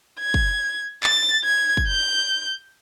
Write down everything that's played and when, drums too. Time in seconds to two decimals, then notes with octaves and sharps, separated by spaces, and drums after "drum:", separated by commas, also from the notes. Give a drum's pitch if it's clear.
0.20 G#6
0.34 drum: kick
1.03 A6, drum: clap
1.45 G#6
1.77 drum: kick
1.87 G6